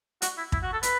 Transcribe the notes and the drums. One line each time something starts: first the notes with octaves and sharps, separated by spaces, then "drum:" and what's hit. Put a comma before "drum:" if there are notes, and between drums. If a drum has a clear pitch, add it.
F#4, drum: hi-hat
E4
E4, drum: kick
F#4
A4
B4, drum: hi-hat